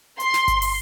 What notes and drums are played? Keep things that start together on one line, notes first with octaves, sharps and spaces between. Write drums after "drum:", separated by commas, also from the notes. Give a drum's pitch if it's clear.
C6, drum: hi-hat
drum: snare
drum: kick G1, hi-hat
drum: open hi-hat